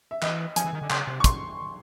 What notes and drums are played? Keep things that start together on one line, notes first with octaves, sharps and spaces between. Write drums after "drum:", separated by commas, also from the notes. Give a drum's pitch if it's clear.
E5
E3 D#5, drum: clap
F3 G#5, drum: hi-hat
E3
D#3
D3
C#3 C6, drum: clap
C3
C#6
A#2 C6, drum: kick, hi-hat